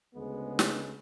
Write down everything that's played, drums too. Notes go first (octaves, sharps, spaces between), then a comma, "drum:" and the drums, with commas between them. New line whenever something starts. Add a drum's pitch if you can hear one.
D2 C#3 G#3 B3 G#4
drum: snare